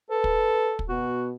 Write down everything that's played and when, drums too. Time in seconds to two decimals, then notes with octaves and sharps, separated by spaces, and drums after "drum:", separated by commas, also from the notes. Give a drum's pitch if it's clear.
0.10 A4 B4
0.24 drum: kick
0.79 drum: kick
0.89 B2 F#4